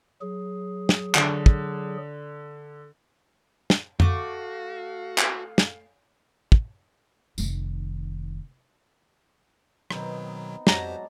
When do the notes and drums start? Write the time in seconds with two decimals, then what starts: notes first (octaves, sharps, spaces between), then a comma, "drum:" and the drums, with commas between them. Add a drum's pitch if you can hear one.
0.21 F#3 G#4
0.89 drum: snare
1.15 D3, drum: clap
1.46 drum: kick
3.70 drum: snare
4.00 A3 F#4 A4 F5 D6, drum: tom F2
5.18 drum: clap
5.58 drum: snare
6.52 drum: kick
7.38 F1 D#3, drum: tambourine
9.91 B2 D#3 F#3 B3 C4 D#4, drum: rim click
10.67 F2 G#2 F#3 G4 C5 D5 A5 A#5, drum: snare